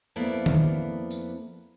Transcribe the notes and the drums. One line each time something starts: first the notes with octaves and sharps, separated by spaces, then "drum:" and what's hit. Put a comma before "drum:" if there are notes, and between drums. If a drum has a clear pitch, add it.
F2 A#3 B3 E4 D5
drum: tom D#3
drum: tambourine